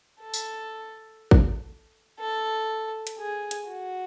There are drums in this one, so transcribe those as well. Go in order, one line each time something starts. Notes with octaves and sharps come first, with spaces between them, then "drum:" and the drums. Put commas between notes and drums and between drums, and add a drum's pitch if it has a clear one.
A4
drum: tambourine
drum: kick
A4
drum: hi-hat
G#4
drum: hi-hat
F#4